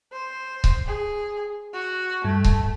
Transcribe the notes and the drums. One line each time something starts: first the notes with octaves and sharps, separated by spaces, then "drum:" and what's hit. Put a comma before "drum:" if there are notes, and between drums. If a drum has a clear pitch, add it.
C5
drum: kick C#1
G#4
F#4
G2 A3
drum: kick C#1